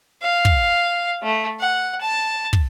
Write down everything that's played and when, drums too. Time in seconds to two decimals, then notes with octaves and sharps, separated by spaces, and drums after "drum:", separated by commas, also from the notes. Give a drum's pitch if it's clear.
0.22 F5
0.45 drum: kick
1.23 A3
1.59 F#5
2.01 A5
2.53 drum: kick